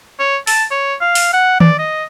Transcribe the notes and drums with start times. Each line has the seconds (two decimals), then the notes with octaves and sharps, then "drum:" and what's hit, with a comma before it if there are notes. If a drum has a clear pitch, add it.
0.20 C#5
0.47 A5, drum: open hi-hat
0.71 C#5
1.01 F5
1.15 drum: open hi-hat
1.33 F#5
1.60 D5, drum: tom D#3
1.79 D#5